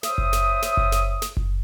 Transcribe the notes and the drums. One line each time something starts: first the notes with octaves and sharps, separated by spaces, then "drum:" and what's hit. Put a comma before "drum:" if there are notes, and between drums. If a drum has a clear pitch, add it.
C5 C#5 E5 D#6, drum: snare
drum: kick F#1
drum: snare
drum: snare
drum: kick F#1
drum: snare
drum: snare
drum: kick F#1